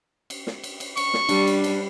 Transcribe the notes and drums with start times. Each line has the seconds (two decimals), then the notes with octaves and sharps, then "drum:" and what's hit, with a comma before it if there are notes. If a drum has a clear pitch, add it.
0.30 drum: cymbal
0.47 drum: snare
0.64 drum: cymbal
0.80 drum: cymbal
0.97 C#6, drum: cymbal
1.14 drum: snare
1.29 G3 D4, drum: cymbal
1.47 drum: cymbal
1.64 drum: cymbal